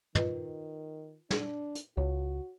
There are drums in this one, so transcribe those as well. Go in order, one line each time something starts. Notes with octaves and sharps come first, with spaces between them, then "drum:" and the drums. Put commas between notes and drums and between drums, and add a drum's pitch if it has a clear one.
D#3 F4 B4 D#5, drum: tom
D4, drum: snare
drum: hi-hat
C#2 F#4 C#5